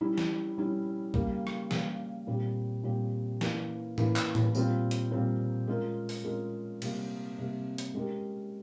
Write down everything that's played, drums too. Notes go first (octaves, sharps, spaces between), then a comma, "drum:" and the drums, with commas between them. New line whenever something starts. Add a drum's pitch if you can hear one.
G3 C#4 E4
drum: snare
G3 C#4 E4
C#3 G3 A#3, drum: kick
drum: rim click
C#3 G3 A#3, drum: snare
A#2 G3 C4 G4
A#2 G3 C4 G4
E3 A#3 C#4, drum: snare
E3 A#3 C#4, drum: tom A2
drum: clap
drum: tom A2
A#2 G3 C4 F4, drum: tambourine
drum: hi-hat
A#2 G3 C4 F4
G#3 C#4 F4 A#4
drum: open hi-hat
G#3 C#4 F4 A#4
C3 G3 A#3, drum: cymbal
C3 G3 A#3
drum: hi-hat
G#3 C#4 G4 A#4